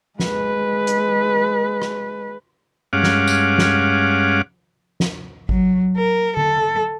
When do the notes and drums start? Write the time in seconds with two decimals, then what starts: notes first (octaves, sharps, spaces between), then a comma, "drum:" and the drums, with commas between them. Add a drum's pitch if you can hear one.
0.19 G#3 B4, drum: snare
0.87 drum: hi-hat
1.82 drum: rim click
2.93 G2 G#3 C#4 F5 F#5 D6
3.03 drum: snare
3.27 drum: tambourine
3.58 drum: snare
5.00 drum: snare
5.49 F#3, drum: kick G#1
5.97 A#4
6.37 A4, drum: tom D3